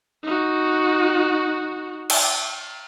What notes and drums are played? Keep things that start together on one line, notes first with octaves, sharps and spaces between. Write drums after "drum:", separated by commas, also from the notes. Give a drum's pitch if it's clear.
D#4 F#4
drum: cymbal